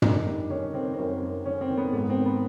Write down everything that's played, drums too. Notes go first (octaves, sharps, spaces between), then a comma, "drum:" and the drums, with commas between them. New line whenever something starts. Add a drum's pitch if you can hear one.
D#3 D#4, drum: tom
D4
G3 D#4
D#3 C#4
D#3 C4
C4
F#2 C#4
F#2
D#3 C#4
C4
D#3
B3
G#2 B3
C4
D#3
B3